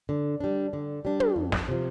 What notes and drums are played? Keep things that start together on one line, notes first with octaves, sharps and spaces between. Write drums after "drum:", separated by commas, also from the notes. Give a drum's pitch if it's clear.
D3
G3 D4
D3
G3 D4
drum: tom
F2
drum: snare
C3 F3